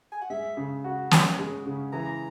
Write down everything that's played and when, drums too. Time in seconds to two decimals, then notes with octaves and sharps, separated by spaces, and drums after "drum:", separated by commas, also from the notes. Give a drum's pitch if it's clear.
0.12 G#5
0.21 F#5
0.30 G#3 E5
0.57 C#3
0.84 F#4
1.11 C#4 C#5, drum: snare
1.39 G#3
1.66 C#3
1.93 E3 A#5